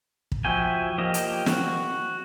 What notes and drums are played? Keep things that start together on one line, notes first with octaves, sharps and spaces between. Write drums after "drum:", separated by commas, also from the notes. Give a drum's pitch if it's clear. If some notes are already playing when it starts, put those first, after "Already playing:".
drum: kick
F3 E4 F#4 G5 G#5
F3 A#3 G4 D#5
drum: hi-hat
F#4, drum: snare